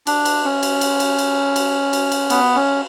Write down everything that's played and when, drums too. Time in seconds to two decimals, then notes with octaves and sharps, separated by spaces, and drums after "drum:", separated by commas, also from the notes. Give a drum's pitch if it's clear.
0.07 D4, drum: cymbal
0.25 drum: cymbal
0.44 C#4
0.63 drum: cymbal
0.81 drum: cymbal
1.00 drum: cymbal
1.19 drum: cymbal
1.56 drum: cymbal
1.93 drum: cymbal
2.12 drum: cymbal
2.30 B3, drum: cymbal
2.55 C#4